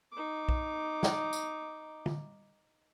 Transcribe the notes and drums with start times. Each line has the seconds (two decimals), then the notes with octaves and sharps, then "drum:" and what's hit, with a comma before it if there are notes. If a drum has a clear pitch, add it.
0.12 D#4 D6
0.49 drum: kick B1
1.03 drum: snare
1.33 drum: tambourine
2.06 drum: tom D3